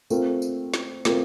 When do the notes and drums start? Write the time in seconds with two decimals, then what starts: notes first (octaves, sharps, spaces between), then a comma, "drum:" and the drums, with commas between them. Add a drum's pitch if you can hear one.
0.10 A3 C4 F4 A#4, drum: tambourine
0.42 drum: tambourine
0.74 drum: snare
1.05 A3 C4 F4 A#4, drum: snare